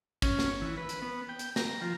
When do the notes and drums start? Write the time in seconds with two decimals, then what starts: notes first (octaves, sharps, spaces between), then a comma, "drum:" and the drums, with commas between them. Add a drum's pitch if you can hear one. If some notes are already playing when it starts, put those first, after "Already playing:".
0.22 C#4, drum: kick, hi-hat
0.39 drum: snare
0.61 E3
0.77 B4
0.89 drum: hi-hat
1.02 B3
1.29 G5
1.39 drum: hi-hat
1.56 A#5, drum: snare
1.81 F3